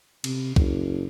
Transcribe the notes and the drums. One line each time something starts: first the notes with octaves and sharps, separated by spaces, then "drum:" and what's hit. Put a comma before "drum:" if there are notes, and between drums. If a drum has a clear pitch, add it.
C3, drum: cymbal
F#1, drum: kick C2